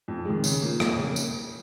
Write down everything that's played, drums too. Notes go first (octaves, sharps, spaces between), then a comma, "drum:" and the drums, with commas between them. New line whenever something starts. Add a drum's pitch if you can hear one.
F2
D#3 G#3
C#3, drum: tambourine
F3 A#3
F2, drum: rim click
C#3 A#3
drum: tambourine